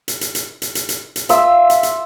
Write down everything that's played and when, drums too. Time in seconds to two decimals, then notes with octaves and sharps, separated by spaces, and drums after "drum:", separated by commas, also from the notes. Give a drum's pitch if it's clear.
0.08 drum: hi-hat
0.21 drum: hi-hat
0.35 drum: hi-hat
0.62 drum: hi-hat
0.75 drum: hi-hat
0.89 drum: hi-hat
1.16 drum: hi-hat
1.29 F4 E5 E6, drum: hi-hat
1.70 drum: hi-hat
1.83 drum: hi-hat